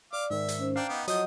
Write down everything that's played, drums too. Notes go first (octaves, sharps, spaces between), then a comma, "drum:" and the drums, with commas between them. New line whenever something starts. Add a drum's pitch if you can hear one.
D5 F5 D6
G#2 D#3 E5
drum: hi-hat
C#4 C5
D4 F5 G5 A#5 D6
B3 D#4
F3 F#3 D#5 F#5 D#6 G6, drum: hi-hat